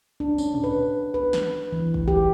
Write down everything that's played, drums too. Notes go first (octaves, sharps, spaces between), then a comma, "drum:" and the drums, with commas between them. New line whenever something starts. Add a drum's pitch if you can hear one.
D4
C#4, drum: tambourine
drum: tom
B4
B4
drum: snare
E3
drum: kick
G4, drum: kick